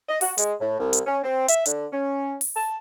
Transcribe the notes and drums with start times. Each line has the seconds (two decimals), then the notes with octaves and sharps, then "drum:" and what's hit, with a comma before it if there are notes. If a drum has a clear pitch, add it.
0.09 D#5
0.21 F#4, drum: open hi-hat
0.38 G#3, drum: hi-hat
0.60 A2
0.80 C2
0.93 drum: hi-hat
1.07 C#4
1.23 C4
1.48 E5, drum: hi-hat
1.65 D3, drum: hi-hat
1.93 C#4
2.41 drum: open hi-hat
2.56 A5